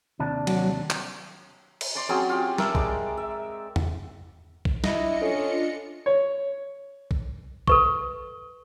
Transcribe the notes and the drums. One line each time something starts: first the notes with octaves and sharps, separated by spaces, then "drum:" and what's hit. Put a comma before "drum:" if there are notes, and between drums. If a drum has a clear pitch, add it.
D#2 C3 D4
F#3, drum: cymbal
drum: clap
drum: cymbal
C#5 D5 C6
F#3 C4 C#4 G#4
F4 G4
A#4 E5 A5, drum: snare
G#3 D5, drum: kick A#1
E5
drum: tom E2
drum: kick A#1
D4 E4 F4 D#5 C#7, drum: snare
C#4 A4
C#5
drum: kick A#1
A4 B4 C#6, drum: kick A#1